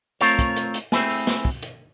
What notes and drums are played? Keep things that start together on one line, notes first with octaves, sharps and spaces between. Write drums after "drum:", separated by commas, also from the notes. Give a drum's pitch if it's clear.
A3 C4 F4 A#4 C#5, drum: hi-hat
drum: kick, hi-hat
drum: hi-hat
drum: hi-hat
A3 C4 E4 G#4, drum: snare
drum: open hi-hat
drum: snare
drum: kick
drum: hi-hat